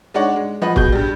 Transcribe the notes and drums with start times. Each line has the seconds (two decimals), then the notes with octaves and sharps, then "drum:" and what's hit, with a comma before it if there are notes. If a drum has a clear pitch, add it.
0.14 G#3 D4 D#4 C#5 D5 F#5
0.36 G#3
0.62 F3 B4 D#5 F#5
0.76 B2 G#4 G6, drum: kick
0.92 G2 G3